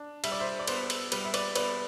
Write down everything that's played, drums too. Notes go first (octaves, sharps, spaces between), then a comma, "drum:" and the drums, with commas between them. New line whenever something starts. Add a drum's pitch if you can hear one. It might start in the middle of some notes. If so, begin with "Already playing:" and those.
Already playing: D4
G3 E5, drum: cymbal
D5
C5 E5
D5
B3 C5, drum: cymbal
drum: cymbal
G3 B4, drum: cymbal
E5
B4 D5, drum: cymbal
B3 B4 D5, drum: cymbal